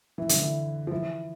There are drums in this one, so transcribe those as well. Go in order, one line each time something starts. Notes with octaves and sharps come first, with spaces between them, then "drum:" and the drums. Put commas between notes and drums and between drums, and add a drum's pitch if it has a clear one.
E3
D3, drum: hi-hat
E3
F3
E3